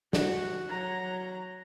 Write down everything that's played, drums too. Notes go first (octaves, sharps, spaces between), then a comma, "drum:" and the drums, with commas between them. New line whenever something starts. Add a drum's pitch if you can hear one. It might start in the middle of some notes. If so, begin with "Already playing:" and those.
F#4, drum: snare
F#3 A#5